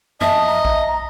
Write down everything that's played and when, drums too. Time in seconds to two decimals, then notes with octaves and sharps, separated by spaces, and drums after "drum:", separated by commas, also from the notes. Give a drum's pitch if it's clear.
0.21 D#5 E5 A5, drum: tom F#2
0.47 A#5
0.65 drum: kick A#1